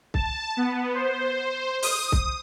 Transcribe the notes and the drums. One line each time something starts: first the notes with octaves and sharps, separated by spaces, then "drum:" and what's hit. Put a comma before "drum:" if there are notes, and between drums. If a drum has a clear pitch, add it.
A5, drum: kick C2
B3
C5
D#6, drum: open hi-hat
drum: kick C2